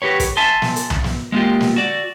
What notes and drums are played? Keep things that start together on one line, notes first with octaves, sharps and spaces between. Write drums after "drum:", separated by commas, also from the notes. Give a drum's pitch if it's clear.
F#4 G4 B4 C#5
drum: kick, hi-hat
E5 G#5 A5 C6
drum: snare
drum: hi-hat
drum: tom C2
drum: snare
G#3 A#3 F4 G4
drum: snare
F#4 D5